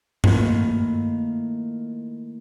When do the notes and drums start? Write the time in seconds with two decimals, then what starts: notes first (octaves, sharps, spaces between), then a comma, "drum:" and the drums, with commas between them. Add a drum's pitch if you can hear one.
0.24 D#3 A3 A#3 E4 F4, drum: tom G2